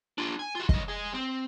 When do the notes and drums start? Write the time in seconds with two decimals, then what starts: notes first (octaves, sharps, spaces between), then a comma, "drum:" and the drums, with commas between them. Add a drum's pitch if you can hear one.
0.18 D4 F4
0.39 G#5
0.55 F4 F#4
0.69 C#3 D#5, drum: kick
0.88 G#4 D#5
1.13 C4